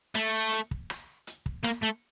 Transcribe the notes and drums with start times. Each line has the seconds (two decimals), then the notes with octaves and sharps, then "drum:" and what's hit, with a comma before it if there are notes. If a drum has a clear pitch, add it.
0.15 A3, drum: rim click
0.53 drum: hi-hat
0.71 drum: kick
0.90 drum: rim click
1.27 drum: hi-hat
1.46 drum: kick
1.64 A#3, drum: rim click
1.83 A3